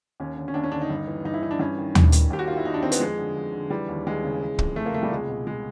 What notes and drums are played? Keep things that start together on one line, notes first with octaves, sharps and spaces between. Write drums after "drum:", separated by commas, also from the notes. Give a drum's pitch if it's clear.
D#2 C#4
D3
C#4
D#2 D4
C#4
D3 D4
D#4
G2
E3
G2 D#4
E4
E3 D#4
D4
G2 C#4
D#3
G2, drum: tom D#2
D#3, drum: hi-hat
D#2 G4
F#4
D#3 F4
E4
D#2 D#4
D4
D#3 C4
B3, drum: hi-hat
F2 G#3
D3
F2
D3
E3 G3
D#2
D#2 G#3
C#3
E3
F2, drum: kick
F2 A3
A#3
C3 A3
G3
C#2 G#3
B2
G#3